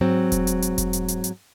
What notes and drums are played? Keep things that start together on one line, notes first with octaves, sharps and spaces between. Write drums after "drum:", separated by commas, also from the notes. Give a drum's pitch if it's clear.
G#2 F#3 C4
drum: kick E1, hi-hat
drum: hi-hat
drum: hi-hat
drum: kick E1, hi-hat
drum: hi-hat
drum: hi-hat
drum: hi-hat